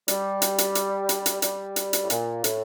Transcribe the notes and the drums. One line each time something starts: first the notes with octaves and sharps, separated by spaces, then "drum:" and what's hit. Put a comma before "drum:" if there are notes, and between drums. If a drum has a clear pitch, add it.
G3, drum: hi-hat
drum: hi-hat
drum: hi-hat
drum: hi-hat
drum: hi-hat
drum: hi-hat
G3, drum: hi-hat
drum: hi-hat
drum: hi-hat
A2
A#2, drum: hi-hat
A2, drum: hi-hat